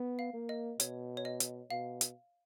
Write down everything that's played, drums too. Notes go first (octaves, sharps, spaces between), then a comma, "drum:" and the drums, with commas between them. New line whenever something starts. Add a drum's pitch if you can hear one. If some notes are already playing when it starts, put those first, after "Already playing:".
Already playing: B3
F5
A#3
D#5
B2 C#5, drum: hi-hat
C#5
D#5
drum: hi-hat
B2 F5
drum: hi-hat